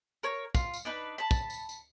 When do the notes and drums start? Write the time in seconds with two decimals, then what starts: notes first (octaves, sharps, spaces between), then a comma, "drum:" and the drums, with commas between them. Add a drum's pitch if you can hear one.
0.23 A#4 C#5
0.55 F4, drum: kick, tambourine
0.74 drum: tambourine
0.85 D4 D#4 B4
1.18 A5 B5
1.31 drum: kick, tambourine
1.50 drum: tambourine
1.69 drum: tambourine